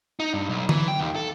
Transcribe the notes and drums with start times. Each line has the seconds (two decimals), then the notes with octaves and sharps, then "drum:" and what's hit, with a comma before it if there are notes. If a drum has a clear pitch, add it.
0.20 D#4
0.34 G2
0.50 B1
0.69 E3, drum: tom D3
0.88 G5
1.01 D#2
1.16 A4